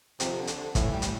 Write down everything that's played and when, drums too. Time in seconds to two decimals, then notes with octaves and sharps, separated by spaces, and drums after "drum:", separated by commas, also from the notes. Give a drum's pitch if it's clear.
0.20 F2 C3, drum: hi-hat
0.38 D3
0.47 drum: hi-hat
0.57 D3
0.75 A2 E3, drum: kick, hi-hat
0.92 G3
1.02 drum: hi-hat